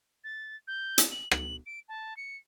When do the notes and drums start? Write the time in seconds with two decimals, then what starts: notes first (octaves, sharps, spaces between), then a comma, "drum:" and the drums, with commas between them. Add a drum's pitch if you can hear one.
0.24 A6
0.68 G6
0.98 drum: hi-hat
1.11 F#7
1.31 F#7, drum: rim click
1.66 D7
1.89 A5
2.17 C#7